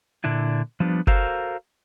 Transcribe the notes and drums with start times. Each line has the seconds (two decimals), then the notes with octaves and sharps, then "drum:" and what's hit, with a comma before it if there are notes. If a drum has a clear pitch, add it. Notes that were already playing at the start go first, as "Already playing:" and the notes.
0.24 A#2 D3 D4 E4
0.80 F3 G3 B3 D4
1.07 F#4 A4 A#4 C5 F5, drum: kick F#1